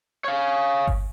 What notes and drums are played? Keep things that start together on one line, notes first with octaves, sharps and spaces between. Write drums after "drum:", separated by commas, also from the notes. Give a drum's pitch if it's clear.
C#5 F5
drum: kick G1